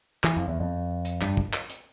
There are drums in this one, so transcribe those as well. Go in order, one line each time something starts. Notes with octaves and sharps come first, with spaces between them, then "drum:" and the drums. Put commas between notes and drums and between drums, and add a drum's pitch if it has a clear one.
E3, drum: clap
F2
E2
F2
drum: hi-hat
G2, drum: clap
drum: kick
drum: clap
drum: hi-hat